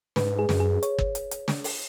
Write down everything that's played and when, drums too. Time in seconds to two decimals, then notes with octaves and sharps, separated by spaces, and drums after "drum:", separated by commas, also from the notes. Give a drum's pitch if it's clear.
0.16 G#2 B4, drum: snare
0.39 G#4
0.49 F#2, drum: snare
0.60 G#4
0.83 C#5, drum: hi-hat
0.98 drum: kick
1.15 drum: hi-hat
1.31 drum: hi-hat
1.48 drum: snare
1.64 drum: open hi-hat